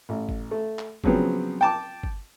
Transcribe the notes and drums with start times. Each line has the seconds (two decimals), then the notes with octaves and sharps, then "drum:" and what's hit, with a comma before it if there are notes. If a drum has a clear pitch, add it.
0.09 A1
0.29 drum: kick G1
0.51 A3
0.79 drum: clap
1.04 C#3 F3 F#3 B3 C4, drum: kick G1
1.61 G5 A5 D6
2.03 drum: kick G1